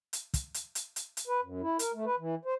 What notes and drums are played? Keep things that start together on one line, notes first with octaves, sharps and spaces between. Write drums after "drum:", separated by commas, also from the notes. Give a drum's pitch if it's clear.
drum: hi-hat
drum: kick, hi-hat
drum: hi-hat
drum: hi-hat
drum: hi-hat
drum: hi-hat
B4
F#2
E4
A#4, drum: hi-hat
A3
B4
E3
C5